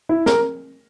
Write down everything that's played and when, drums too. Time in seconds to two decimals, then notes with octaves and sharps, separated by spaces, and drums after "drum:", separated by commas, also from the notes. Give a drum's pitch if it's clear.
0.09 E4
0.26 A#4, drum: snare